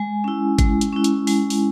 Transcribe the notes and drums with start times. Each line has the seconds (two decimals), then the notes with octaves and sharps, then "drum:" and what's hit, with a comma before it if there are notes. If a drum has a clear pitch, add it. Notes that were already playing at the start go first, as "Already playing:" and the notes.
Already playing: G#3 G#5
0.24 C#4 E4
0.59 G#3, drum: kick, hi-hat
0.81 drum: hi-hat
0.92 C#4 E4
1.04 drum: hi-hat
1.27 G#3, drum: open hi-hat
1.50 drum: open hi-hat